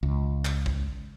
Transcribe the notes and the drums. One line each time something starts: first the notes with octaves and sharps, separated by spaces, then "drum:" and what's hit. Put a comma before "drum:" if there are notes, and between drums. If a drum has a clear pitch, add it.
C#2
drum: clap
drum: kick A1